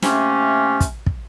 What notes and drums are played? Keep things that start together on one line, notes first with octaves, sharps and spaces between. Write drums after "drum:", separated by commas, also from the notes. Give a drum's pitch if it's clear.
C3 A3 A#3 C#4, drum: snare
drum: kick, hi-hat
drum: kick